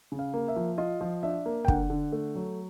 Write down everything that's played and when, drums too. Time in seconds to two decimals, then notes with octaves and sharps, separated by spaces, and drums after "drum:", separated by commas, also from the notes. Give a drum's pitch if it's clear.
0.12 C#3
0.19 F5
0.34 A#3
0.48 E5
0.56 F3
0.78 F4 D#5
1.01 F3
1.23 D4 E5
1.46 A#3
1.65 G5
1.68 D3 F#5, drum: kick
1.90 D3
2.12 A3
2.35 F#3